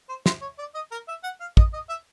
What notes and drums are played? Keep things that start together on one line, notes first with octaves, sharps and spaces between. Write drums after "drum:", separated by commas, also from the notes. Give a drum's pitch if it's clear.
C5
C5, drum: snare
C#5
D5
D#5
A#4
E5
F#5
F5
D#5, drum: kick
D#5
E5